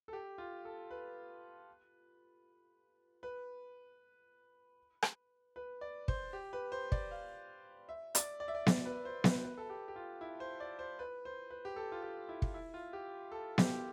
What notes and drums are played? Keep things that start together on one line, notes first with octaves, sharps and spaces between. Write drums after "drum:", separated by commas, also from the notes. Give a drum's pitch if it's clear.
A4
G4
F4
A4
B4
B4
drum: rim click
B4
D5
C5, drum: kick
G4
B4
C5
D5, drum: kick
F5
E5
D5, drum: hi-hat
D5
E5
D5
D5, drum: snare B3
B4
C5
B4, drum: snare B3
B4
A4
G4
G4
F4
E4
C5
D5
C5
B4
C5
B4
G4
A4
F4
G4
E4
drum: kick
E4
F4
G4
A4
G4, drum: snare B3